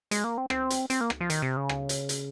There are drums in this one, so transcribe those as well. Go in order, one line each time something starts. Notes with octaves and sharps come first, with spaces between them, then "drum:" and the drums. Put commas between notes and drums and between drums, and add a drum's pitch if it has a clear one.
G#3, drum: hi-hat
A#3
C4
C4, drum: rim click
drum: hi-hat
C4, drum: hi-hat
A#3
drum: rim click
F3
D#3, drum: hi-hat
C3
C#3
drum: rim click
drum: hi-hat
drum: hi-hat